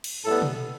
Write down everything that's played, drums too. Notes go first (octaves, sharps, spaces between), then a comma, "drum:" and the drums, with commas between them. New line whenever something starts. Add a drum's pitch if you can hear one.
drum: cymbal
A2 G3 B3 A4
drum: tom B2